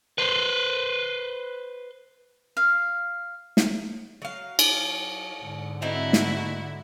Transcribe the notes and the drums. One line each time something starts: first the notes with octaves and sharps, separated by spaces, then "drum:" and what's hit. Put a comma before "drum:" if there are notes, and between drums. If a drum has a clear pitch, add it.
B4 C5
F5
drum: snare
F#3 F5
drum: cymbal
G#2 D3
A3 C4 D#4 E4 F#4
drum: snare